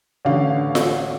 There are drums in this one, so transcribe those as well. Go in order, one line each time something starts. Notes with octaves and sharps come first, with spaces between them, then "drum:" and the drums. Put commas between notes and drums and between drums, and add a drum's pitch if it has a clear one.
A1 D3 F5
drum: snare F4